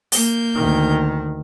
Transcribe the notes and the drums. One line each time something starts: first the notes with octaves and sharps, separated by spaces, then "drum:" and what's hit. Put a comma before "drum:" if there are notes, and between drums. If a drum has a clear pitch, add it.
A#3 G6, drum: open hi-hat
D2 D#3